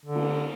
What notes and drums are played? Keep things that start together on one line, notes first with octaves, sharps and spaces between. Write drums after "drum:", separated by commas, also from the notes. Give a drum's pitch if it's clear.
D3
drum: cymbal